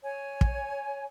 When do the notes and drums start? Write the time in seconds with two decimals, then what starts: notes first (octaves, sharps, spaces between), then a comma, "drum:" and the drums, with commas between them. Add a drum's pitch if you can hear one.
0.03 C#5 G#5
0.41 drum: kick